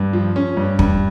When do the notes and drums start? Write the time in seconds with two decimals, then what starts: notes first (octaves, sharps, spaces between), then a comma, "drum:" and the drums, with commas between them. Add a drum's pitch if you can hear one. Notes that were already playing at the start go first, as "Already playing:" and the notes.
Already playing: G2
0.13 F3
0.36 C#4
0.57 G2
0.79 G2, drum: kick